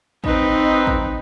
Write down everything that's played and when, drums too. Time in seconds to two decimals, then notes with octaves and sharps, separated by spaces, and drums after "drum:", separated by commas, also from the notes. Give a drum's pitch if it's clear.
0.24 C4 D#4 B4, drum: kick
0.87 drum: kick